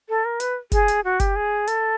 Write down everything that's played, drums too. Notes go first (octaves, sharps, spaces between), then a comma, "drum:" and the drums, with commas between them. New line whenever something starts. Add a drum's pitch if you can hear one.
A4
A#4
B4, drum: hi-hat
G#4, drum: kick, hi-hat
drum: hi-hat
F#4
G4, drum: kick, hi-hat
G#4
A4, drum: hi-hat